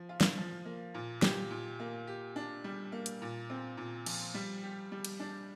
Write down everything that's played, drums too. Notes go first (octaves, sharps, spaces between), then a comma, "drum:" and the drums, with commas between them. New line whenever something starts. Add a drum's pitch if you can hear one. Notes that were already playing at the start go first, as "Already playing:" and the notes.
Already playing: F3
F4
drum: snare
F3
A#3
A#2
G4, drum: snare
A#2
A#3
G4
D4
G3
A#3
drum: hi-hat
A#2
C4
A#2
F3, drum: cymbal
G3
G4
G3
drum: cymbal
D4